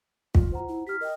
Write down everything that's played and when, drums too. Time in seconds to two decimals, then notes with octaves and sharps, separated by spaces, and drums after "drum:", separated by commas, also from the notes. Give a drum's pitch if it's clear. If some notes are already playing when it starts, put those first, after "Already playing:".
0.35 F4, drum: kick
0.52 C5 F#5 A#5
0.68 E4
0.87 G4 F6 B6
1.01 A#4 D#5 G5